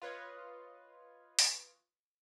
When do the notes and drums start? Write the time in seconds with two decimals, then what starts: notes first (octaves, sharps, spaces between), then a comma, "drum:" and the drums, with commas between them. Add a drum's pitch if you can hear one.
0.02 F4 B4 C#5 D#5
1.39 drum: open hi-hat